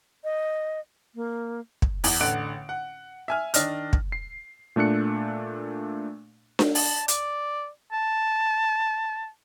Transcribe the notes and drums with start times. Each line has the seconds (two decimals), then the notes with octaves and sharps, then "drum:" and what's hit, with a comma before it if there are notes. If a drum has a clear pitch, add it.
0.24 D#5
1.15 A#3
1.82 drum: kick
2.04 E2, drum: open hi-hat
2.20 A1 D3 F#5 D7
2.69 F#5
3.28 E5 G#5 F6
3.54 D#3 D4 D#5 F6, drum: hi-hat
3.93 drum: kick
4.12 C7
4.76 A#2 A3 D4 F#6 C#7
6.59 drum: snare D4
6.75 A5, drum: open hi-hat
7.08 D5, drum: hi-hat
7.92 A5